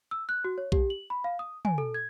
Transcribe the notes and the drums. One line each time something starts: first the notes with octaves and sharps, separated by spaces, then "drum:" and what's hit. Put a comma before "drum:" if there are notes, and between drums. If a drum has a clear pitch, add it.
E6
F#6
F#4
C#5
G4, drum: kick B1
F#7
B5
F5
D#6
G#5, drum: tom
A4
G#6